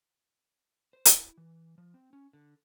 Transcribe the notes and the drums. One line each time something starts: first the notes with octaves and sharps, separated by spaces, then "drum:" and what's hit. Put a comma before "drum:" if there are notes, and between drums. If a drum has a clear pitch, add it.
C5
E4, drum: hi-hat
E3
F3
C4
C#4
D3